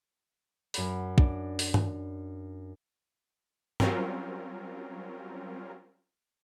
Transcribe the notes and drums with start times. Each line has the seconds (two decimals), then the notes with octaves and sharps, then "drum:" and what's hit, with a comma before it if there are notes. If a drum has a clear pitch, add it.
0.74 F#2 B5, drum: open hi-hat
1.18 D4, drum: kick
1.59 drum: open hi-hat
1.74 drum: tom G2
3.80 F#3 G3 C4 C#4 F4 A#4, drum: tom G2